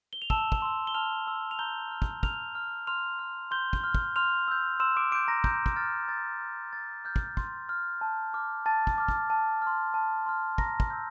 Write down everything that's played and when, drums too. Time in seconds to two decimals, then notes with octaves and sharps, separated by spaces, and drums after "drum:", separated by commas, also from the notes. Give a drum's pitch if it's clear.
0.13 G7
0.22 F7
0.30 A5 E6 E7, drum: kick
0.52 drum: kick
0.62 C6 E6
0.87 G7
0.94 A5 F6 F7
1.27 C6 E6
1.51 F7
1.59 A#5 G6 G7
1.91 F6
2.02 drum: kick
2.23 A#5 F6 F7, drum: kick
2.55 F6
2.87 C6 F6 F7
3.19 F6
3.51 C6 G6 G7
3.73 drum: kick
3.84 F6
3.94 drum: kick
4.16 C6 F6 F7
4.48 E6 G6
4.80 C6 E6 E7
4.97 D6 D7
5.12 D6 E6 G6 D7
5.28 A#5 A#6
5.44 A#5 G6, drum: kick
5.66 drum: kick
5.76 F6 A6
6.08 A#5 A6
6.41 F6
6.73 C6 A6
7.05 F6 G6
7.16 drum: kick
7.37 C6, drum: kick
7.69 F6
8.01 A5
8.34 D6 F6
8.66 A5 A6
8.87 drum: kick
8.98 D6 F6
9.08 drum: kick
9.30 A5
9.62 C6 F6
9.94 A5
10.26 C6 F6
10.58 A#5 A#6, drum: kick
10.80 drum: kick
10.90 E6 G6